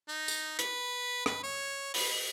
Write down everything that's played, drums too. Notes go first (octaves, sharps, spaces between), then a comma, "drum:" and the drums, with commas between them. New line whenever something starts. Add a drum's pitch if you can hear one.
D#4
drum: tambourine
B4, drum: hi-hat
B4, drum: rim click
C#5
B4, drum: open hi-hat